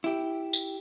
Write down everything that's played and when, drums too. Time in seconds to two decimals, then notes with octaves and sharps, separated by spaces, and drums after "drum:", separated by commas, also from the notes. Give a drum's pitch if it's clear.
0.04 E4 G4
0.53 drum: tambourine